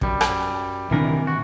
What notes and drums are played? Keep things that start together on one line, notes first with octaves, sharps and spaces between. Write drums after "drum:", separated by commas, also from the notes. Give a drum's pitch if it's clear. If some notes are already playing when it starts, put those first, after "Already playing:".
F#2 G3, drum: kick
drum: rim click
C2 A#2 D#3 E3 D4 A#4
F#4